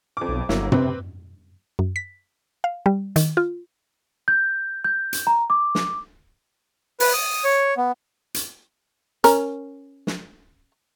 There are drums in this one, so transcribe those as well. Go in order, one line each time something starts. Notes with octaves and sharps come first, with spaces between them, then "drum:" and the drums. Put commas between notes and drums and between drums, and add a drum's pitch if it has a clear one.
F2 D6
B1
G1 F#3 A#3 E4, drum: snare
C3 C4 B4, drum: tom
F#2
B6
F5
G3
D#3, drum: hi-hat
F4
G6
G6
drum: hi-hat
A#5
D6
drum: snare
B4, drum: open hi-hat
D#6
C#5
B3
drum: hi-hat
C#4 A#4, drum: hi-hat
drum: snare